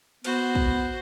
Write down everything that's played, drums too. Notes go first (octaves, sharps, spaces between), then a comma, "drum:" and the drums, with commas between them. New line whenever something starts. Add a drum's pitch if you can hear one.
B3 F#4 C5, drum: cymbal
drum: kick